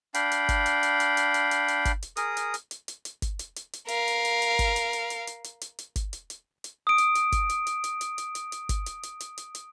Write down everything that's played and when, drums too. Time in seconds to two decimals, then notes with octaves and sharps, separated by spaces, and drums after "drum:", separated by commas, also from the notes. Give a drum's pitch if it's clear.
0.14 D4 F5 G5 B5, drum: hi-hat
0.32 drum: hi-hat
0.49 drum: kick G1, hi-hat
0.66 drum: hi-hat
0.83 drum: hi-hat
1.00 drum: hi-hat
1.17 drum: hi-hat
1.34 drum: hi-hat
1.51 drum: hi-hat
1.68 drum: hi-hat
1.85 drum: kick G1, hi-hat
2.02 drum: hi-hat
2.17 G#4 A#4 D#6, drum: hi-hat
2.37 drum: hi-hat
2.54 drum: hi-hat
2.71 drum: hi-hat
2.88 drum: hi-hat
3.05 drum: hi-hat
3.22 drum: kick G1, hi-hat
3.39 drum: hi-hat
3.56 drum: hi-hat
3.73 drum: hi-hat
3.88 A#4 F5, drum: hi-hat
4.08 drum: hi-hat
4.25 drum: hi-hat
4.42 drum: hi-hat
4.59 drum: kick G1, hi-hat
4.76 drum: hi-hat
4.93 drum: hi-hat
5.10 drum: hi-hat
5.27 drum: hi-hat
5.44 drum: hi-hat
5.61 drum: hi-hat
5.79 drum: hi-hat
5.96 drum: kick G1, hi-hat
6.13 drum: hi-hat
6.30 drum: hi-hat
6.64 drum: hi-hat
6.87 D#6 D7
6.98 drum: hi-hat
7.15 drum: hi-hat
7.32 drum: kick G1, hi-hat
7.49 drum: hi-hat
7.67 drum: hi-hat
7.84 drum: hi-hat
8.01 drum: hi-hat
8.18 drum: hi-hat
8.35 drum: hi-hat
8.52 drum: hi-hat
8.69 drum: kick G1, hi-hat
8.86 drum: hi-hat
9.03 drum: hi-hat
9.20 drum: hi-hat
9.37 drum: hi-hat
9.55 drum: hi-hat